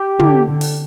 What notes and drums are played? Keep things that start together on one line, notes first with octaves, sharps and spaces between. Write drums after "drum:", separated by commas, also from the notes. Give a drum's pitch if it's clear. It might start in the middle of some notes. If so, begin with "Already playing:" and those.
Already playing: G4
D3, drum: tom
D3
drum: open hi-hat